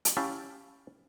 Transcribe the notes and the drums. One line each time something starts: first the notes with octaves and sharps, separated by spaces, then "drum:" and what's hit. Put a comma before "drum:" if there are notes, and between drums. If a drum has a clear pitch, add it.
drum: hi-hat
C#4 E4 G4 E5 F5 A5